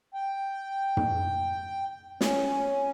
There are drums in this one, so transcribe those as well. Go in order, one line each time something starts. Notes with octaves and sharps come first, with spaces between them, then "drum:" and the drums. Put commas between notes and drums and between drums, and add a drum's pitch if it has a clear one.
G5
drum: tom
C#4, drum: snare